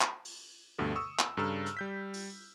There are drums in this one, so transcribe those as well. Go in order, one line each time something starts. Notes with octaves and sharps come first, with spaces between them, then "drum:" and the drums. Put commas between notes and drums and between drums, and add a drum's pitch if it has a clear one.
drum: clap
drum: open hi-hat
D2 G2 B2 A4
C#6 D#6 E6
drum: clap
G2 C#3 A4 A#5 E6 F6
drum: hi-hat
G3 G6 B6
drum: open hi-hat